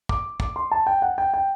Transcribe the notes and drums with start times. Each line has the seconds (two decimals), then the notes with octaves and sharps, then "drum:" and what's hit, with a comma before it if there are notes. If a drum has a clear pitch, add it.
0.09 D6, drum: kick
0.40 D6, drum: kick
0.56 C6
0.71 A5
0.87 G5
1.02 F#5
1.18 G5
1.34 G5